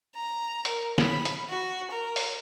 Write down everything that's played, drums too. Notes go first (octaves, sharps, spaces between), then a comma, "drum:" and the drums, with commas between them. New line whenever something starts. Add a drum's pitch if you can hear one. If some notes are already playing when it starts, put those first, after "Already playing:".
A#5
A#4, drum: hi-hat
B5, drum: snare
drum: hi-hat
F#4
A#4
drum: open hi-hat